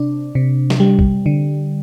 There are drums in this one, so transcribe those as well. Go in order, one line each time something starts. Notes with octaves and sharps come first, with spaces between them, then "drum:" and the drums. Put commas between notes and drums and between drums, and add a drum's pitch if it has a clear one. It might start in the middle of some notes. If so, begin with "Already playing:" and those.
Already playing: C3 D4
C3
drum: snare
G3
drum: kick
D3